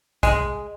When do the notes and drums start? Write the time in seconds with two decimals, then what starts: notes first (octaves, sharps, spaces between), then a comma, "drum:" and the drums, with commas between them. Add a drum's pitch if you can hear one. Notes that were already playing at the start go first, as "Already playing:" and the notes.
0.23 G#3, drum: kick A#1, hi-hat